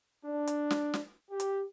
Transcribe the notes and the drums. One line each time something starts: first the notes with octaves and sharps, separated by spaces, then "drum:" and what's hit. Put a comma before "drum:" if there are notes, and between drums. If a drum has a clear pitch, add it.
D4
drum: hi-hat
drum: snare
drum: snare
G4
drum: hi-hat